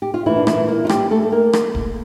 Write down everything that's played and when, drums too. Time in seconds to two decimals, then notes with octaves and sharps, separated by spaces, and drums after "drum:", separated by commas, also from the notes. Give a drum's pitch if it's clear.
0.02 G4
0.14 F4
0.26 A#2 E3 A3 E4
0.37 D4
0.47 E3 E4, drum: rim click
0.68 A#3
0.85 F4
0.89 G3 G4, drum: rim click
1.11 A3 A4
1.23 A4
1.32 A#3 A#4
1.53 drum: rim click
1.75 drum: kick D1